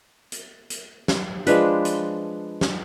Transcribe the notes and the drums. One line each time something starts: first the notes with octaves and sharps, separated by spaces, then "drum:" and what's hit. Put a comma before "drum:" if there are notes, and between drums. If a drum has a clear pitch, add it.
drum: hi-hat
drum: hi-hat
drum: snare
F3 G#3 D4 B4, drum: hi-hat
drum: hi-hat
drum: snare